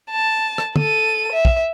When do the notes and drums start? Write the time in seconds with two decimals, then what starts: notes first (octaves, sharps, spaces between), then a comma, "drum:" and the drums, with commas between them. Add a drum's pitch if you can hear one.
0.11 A5
0.58 drum: rim click
0.76 A4 D#7, drum: tom
1.32 E5
1.45 drum: kick